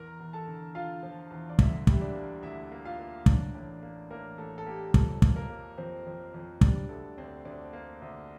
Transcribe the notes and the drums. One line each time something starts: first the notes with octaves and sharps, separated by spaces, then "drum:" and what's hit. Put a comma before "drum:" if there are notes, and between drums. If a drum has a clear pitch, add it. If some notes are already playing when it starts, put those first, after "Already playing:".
Already playing: E2 A#4 A#5
E2
A4 A5
D3
D3 F4 F5
F3
E2
D5
D2 E4 E5, drum: kick
G3 E5, drum: kick
D4 D5
A#3
D2 E4 E5
A#3
F4 F5
A#3
A1 D4 D5, drum: kick
A1
A#3
A1 A#3 A#4
A1 A4
A4
A#3 G4
F2 A4, drum: kick
A#3, drum: kick
A#3 A#4
A#3
F2 C4 C5
F2
F2
G3 D4 D5, drum: kick
D2 A4
D2 C4 C5
D2 D4 D5
A#3
D2